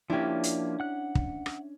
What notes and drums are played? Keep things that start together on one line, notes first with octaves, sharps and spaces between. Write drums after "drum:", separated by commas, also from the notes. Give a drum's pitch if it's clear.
F3 A#3 C#4 D4 E4 G4
drum: hi-hat
F#5 F#6
drum: kick
drum: rim click